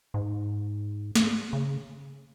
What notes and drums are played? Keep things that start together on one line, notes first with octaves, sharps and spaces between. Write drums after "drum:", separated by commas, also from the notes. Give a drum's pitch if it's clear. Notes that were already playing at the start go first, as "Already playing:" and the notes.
G#2
drum: snare
C#3